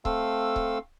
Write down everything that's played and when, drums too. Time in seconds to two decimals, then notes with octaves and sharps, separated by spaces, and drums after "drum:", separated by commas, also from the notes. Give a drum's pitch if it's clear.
0.05 A3 C4 A4 F5 C6 E6, drum: kick C#1
0.56 drum: kick C#1